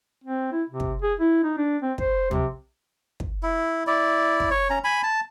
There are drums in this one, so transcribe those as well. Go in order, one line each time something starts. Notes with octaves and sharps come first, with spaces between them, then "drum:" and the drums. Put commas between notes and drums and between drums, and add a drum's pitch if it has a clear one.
C4
E4
C3
drum: kick
G#4
E4
D#4
D4
C4
C5, drum: kick
C3, drum: tom
drum: kick
E4
E4 D5
drum: kick
C#5
C#4 A#5
G#5 B5
A5